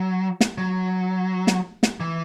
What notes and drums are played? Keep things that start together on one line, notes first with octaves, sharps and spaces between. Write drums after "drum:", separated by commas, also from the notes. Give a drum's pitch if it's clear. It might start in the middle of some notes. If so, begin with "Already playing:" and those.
Already playing: F#3
drum: snare
F#3
drum: snare
drum: snare
E3